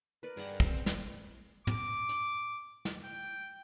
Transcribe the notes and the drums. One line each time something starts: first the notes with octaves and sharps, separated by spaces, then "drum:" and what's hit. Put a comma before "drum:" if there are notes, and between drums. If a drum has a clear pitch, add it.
A#4 B4 D5
G2 G#4 D5 F#5 G5
C4, drum: kick
drum: snare
D6, drum: tom
drum: hi-hat
drum: snare
G5